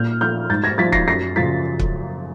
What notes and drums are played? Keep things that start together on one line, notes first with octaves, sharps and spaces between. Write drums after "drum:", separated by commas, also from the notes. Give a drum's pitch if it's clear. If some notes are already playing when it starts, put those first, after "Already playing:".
Already playing: A#2 F6 G6
F3 F6 G6
G#2 G6 A6
G#6 A#6
F3 A6 B6
A#6 C7, drum: kick
F#2 A#6 C7
C#3 F3 A6 B6
drum: kick